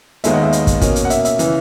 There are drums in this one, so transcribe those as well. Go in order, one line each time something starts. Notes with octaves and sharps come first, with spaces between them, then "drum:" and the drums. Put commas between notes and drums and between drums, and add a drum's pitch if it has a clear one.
D#2 D#3 G#3 B3 E5, drum: hi-hat
D#5 F#5
E5
D#5, drum: hi-hat
drum: kick, hi-hat
B2 A#3 C#4, drum: kick, hi-hat
drum: hi-hat
F#5
E5, drum: hi-hat
E5, drum: hi-hat
C#3 E3, drum: hi-hat